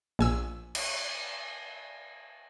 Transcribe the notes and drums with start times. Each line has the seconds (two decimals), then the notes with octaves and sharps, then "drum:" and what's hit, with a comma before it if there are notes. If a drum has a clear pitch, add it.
0.19 A#1 G#5 E6
0.75 drum: cymbal